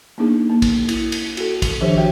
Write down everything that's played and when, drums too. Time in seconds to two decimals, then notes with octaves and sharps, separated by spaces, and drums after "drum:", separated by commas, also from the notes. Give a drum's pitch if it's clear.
0.18 A#3 B3 D4 D#4 G#4
0.50 A#3
0.62 drum: kick, cymbal
0.89 E4, drum: cymbal
1.12 drum: cymbal
1.37 F#4 A4, drum: cymbal
1.62 drum: kick, cymbal
1.81 D#3 F3 D4 G4 C5 C#5
1.97 F#4 E5 G5